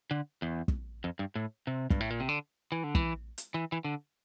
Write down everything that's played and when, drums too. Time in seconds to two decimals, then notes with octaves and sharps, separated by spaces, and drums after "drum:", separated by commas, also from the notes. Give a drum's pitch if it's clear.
0.11 D3
0.42 E2
0.68 drum: kick
1.04 F2
1.19 G2
1.35 A2
1.67 C3
1.90 G2, drum: kick
2.00 A2
2.10 A#2
2.20 C3
2.29 D3
2.72 E3
2.84 D3
2.95 E3, drum: kick
3.38 drum: hi-hat
3.54 E3
3.72 E3
3.85 D3